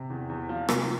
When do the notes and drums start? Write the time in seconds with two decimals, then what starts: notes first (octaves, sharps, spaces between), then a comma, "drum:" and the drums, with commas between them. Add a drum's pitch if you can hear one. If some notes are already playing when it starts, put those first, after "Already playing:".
Already playing: C3
0.10 E2
0.30 E2
0.49 F3
0.69 C3, drum: rim click